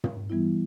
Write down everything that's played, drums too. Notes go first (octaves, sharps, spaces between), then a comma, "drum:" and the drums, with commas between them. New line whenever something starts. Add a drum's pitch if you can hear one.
drum: tom
E3 G3 B3 E4